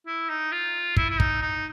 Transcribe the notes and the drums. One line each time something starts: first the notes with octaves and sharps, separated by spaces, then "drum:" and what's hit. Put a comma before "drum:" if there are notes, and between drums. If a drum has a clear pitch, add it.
E4
D#4
F4
E4, drum: kick
E4
D#4, drum: kick
D#4